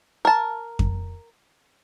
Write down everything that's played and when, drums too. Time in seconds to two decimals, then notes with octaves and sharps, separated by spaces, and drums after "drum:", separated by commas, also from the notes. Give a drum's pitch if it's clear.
0.25 A#4 A5
0.79 drum: kick F2